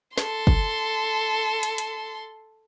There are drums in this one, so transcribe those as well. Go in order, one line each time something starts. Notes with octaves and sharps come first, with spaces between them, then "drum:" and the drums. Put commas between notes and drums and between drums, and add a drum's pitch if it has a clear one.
A4 C6, drum: snare
drum: kick
drum: hi-hat
drum: hi-hat